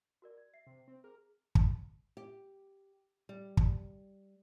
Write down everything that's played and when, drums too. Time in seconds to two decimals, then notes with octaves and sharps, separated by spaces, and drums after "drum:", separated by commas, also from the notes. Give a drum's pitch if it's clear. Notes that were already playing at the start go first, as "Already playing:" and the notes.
0.22 F#4 A#4 D5
0.38 G#6
0.54 E5 C7
0.66 C3
0.88 C4
1.04 G#4 A#4
1.55 drum: kick
2.17 G4
3.29 G3
3.57 drum: kick